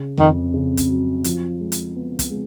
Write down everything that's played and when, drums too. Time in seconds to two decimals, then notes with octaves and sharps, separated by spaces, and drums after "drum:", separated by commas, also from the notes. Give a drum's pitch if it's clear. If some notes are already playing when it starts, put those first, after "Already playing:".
Already playing: C#3
0.18 F2 D#3
0.54 C#3
0.77 drum: kick, hi-hat
0.89 F#3
1.24 F3, drum: hi-hat
1.60 G#3
1.72 drum: hi-hat
1.95 B3
2.19 drum: kick, hi-hat
2.30 G#3